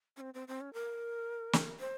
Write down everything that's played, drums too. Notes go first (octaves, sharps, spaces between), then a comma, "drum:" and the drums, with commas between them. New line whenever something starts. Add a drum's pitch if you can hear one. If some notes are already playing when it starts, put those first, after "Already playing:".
C#4
C4
C4
C4
C#4
A#4
drum: snare
C5